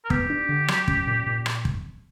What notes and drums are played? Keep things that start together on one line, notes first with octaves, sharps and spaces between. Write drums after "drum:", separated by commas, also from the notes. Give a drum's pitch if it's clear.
A#4
B3 G4, drum: kick
D4
D3
F#3, drum: rim click
C#4, drum: kick
A#2
A#2
drum: rim click
drum: kick